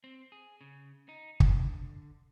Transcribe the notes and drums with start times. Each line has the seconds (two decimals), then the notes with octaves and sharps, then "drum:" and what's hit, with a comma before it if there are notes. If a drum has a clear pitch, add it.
0.04 C4
0.32 G#4
0.61 C#3
1.09 D#4
1.40 D3, drum: kick